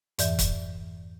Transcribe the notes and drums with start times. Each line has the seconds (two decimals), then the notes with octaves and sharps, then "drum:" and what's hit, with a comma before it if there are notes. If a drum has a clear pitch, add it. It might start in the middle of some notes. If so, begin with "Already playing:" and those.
0.19 F2 G#2 E3 D5 E5 G6, drum: hi-hat
0.39 drum: kick, hi-hat